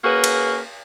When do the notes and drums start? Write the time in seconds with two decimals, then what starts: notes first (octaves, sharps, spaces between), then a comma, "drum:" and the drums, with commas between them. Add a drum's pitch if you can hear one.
0.04 A#3 C#4 F#4 G#4 B4
0.24 drum: cymbal